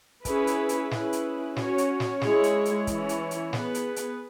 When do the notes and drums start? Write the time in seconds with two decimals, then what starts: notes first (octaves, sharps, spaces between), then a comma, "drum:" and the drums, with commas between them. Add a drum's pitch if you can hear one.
0.25 C#4 E4 G#4 B4, drum: kick, hi-hat
0.47 drum: hi-hat
0.69 drum: hi-hat
0.91 C#4 E4 G#4 B4, drum: snare
1.13 drum: hi-hat
1.56 C#4 F#4 C#5, drum: snare
1.78 drum: hi-hat
2.00 drum: snare
2.21 G#3 E4 G#4 C#5, drum: snare
2.44 drum: hi-hat
2.65 drum: hi-hat
2.87 E3 C#4 E4 C#5, drum: kick, hi-hat
3.09 drum: hi-hat
3.31 drum: hi-hat
3.53 B3 G#4 B4, drum: snare
3.75 drum: hi-hat
3.96 drum: hi-hat